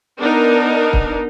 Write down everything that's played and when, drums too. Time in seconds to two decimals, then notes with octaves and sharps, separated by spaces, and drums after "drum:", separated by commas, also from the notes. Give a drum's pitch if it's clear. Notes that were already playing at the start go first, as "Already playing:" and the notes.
0.19 B3 D4 D#4 A#4
0.93 drum: kick